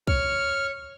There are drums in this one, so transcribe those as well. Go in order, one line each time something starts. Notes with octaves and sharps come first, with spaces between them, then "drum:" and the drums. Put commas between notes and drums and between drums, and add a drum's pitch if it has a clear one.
C#5 F6, drum: kick